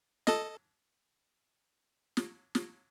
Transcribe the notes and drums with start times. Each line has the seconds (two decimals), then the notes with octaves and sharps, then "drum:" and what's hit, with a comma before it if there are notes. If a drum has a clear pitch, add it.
0.27 A4 D#5, drum: snare
2.17 drum: snare
2.55 drum: snare